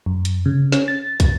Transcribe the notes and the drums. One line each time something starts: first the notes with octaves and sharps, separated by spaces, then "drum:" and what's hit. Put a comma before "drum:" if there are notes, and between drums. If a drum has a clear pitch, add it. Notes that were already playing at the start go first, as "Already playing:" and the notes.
F#2
drum: hi-hat
C#3
C#4, drum: snare
A6
drum: kick, hi-hat